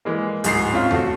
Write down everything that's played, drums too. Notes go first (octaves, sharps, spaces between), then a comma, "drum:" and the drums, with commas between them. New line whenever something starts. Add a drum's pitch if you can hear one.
E3 G#3 A#3
D1 G#2 C7, drum: hi-hat
C4 C#4 F4
A3 F#4, drum: tom D#2